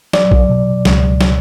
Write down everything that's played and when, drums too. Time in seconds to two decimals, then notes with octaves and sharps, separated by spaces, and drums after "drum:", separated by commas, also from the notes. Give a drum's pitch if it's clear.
0.13 F#3 D5, drum: snare
0.31 drum: kick A#1
0.49 B2
0.85 C#2, drum: snare
1.21 drum: snare